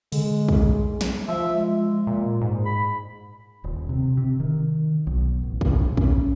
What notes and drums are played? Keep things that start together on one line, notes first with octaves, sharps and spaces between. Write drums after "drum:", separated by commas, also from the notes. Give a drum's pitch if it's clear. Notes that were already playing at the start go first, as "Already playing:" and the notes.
D3 G#3, drum: open hi-hat
drum: kick
drum: snare
F3 E5
G#3
A#2
G#2
B5
D#1
C3
C3
D#3
B1
A1
drum: kick
A#1
C#4, drum: kick